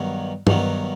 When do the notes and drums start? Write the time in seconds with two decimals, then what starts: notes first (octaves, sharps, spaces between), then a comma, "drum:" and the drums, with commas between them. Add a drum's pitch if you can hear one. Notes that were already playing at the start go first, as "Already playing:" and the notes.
Already playing: G2 D#3 F#3 B3
0.47 G2 D#3 F#3 B3, drum: tom G2